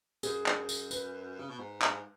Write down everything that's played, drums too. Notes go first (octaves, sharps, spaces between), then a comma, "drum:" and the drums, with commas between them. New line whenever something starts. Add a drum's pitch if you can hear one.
F#2 G#4, drum: tambourine
drum: clap
drum: tambourine
B4, drum: tambourine
C#3
B2
G#2
G#2, drum: clap